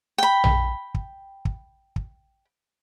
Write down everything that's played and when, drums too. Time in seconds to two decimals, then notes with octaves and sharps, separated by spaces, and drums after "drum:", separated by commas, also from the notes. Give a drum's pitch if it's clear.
0.18 G5 B5
0.44 drum: tom A#1
0.94 drum: kick
1.45 drum: kick
1.96 drum: kick